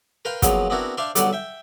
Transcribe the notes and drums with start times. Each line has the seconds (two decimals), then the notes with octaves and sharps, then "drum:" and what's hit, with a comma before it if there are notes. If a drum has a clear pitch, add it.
0.25 A#4 B4 F5 G5 C6
0.42 A#2 C#3 F3 F#3 B3, drum: kick, hi-hat
0.70 B3 C4 D4 E4 F#4 A#4
0.97 D4 C5 D5 E5 F5 C6
1.15 B1 D3 F#3 G3 D5 F#5, drum: hi-hat
1.33 E5 G5